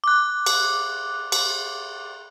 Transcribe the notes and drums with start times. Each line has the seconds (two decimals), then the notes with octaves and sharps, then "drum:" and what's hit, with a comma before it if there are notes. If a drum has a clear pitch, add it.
0.04 D6 F#6
0.46 drum: cymbal
1.32 drum: cymbal